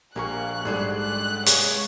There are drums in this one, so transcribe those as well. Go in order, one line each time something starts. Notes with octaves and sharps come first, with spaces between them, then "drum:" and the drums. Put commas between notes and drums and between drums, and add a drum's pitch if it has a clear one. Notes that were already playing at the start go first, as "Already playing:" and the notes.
A#1 A#3 G4 A#4 G#5 C#6 F#6
G#2 G3 G#3 D4 G#4 A4
F#6
C3 G#3 A#3 G#4 C#5, drum: hi-hat